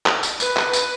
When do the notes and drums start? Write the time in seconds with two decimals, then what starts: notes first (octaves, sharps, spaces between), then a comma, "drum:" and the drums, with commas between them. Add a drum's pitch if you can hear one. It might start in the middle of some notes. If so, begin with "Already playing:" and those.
0.06 drum: clap
0.23 drum: tambourine
0.40 B4, drum: tambourine
0.57 drum: clap
0.73 drum: tambourine